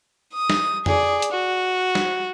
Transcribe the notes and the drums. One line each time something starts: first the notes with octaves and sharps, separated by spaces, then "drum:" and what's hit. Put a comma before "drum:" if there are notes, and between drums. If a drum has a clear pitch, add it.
D#6
drum: snare
G#4 D5, drum: tom F2
drum: hi-hat
F#4
drum: snare